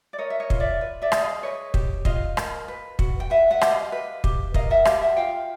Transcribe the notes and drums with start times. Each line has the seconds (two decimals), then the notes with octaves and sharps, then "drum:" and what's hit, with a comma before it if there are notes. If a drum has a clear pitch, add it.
0.13 D5
0.18 A#4 C#5 D#5
0.30 E5
0.40 C#5 D#5
0.50 F4, drum: kick
0.60 D5 E5
0.81 B4
1.02 D5 E5
1.12 G#4, drum: rim click
1.23 D#5 F5
1.43 B4 C#5 D#5
1.74 G4, drum: kick
2.05 F4 D#5 F5, drum: kick
2.37 A#4, drum: rim click
2.68 B4
2.99 F#4, drum: kick
3.20 G5
3.30 B4 E5 F#5
3.51 E5 F#5
3.61 G4, drum: rim click
3.71 D#5 F5
3.92 B4
4.24 G4, drum: kick
4.54 A#4 D#5 F5, drum: kick
4.70 E5 F#5
4.85 G4 D#5 F5, drum: rim click
5.01 E5 F#5
5.17 F4 F5 G5